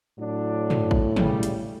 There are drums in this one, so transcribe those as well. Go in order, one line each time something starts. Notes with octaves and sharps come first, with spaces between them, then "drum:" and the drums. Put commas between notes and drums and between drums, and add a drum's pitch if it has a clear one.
A2 F#3 D4
drum: tom
drum: kick A1
C#3 G3, drum: tom
drum: hi-hat